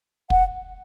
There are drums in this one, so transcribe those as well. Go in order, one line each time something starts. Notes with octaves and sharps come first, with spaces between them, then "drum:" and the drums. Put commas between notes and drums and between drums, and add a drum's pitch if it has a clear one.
F#5, drum: kick